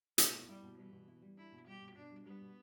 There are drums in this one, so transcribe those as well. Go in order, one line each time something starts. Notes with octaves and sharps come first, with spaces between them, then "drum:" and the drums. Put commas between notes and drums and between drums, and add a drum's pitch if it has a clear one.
B2 A3, drum: hi-hat
E4
G3 E4
B2
E3 G3
B2
E4
G3
D4 E4
B2
G3 G4
B2
B2 D4
G3
G3 B3
B2